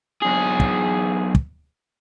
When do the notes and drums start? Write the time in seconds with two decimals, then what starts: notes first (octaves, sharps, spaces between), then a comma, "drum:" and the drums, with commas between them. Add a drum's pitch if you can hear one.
0.22 B1 G#4
0.60 drum: kick
1.35 drum: kick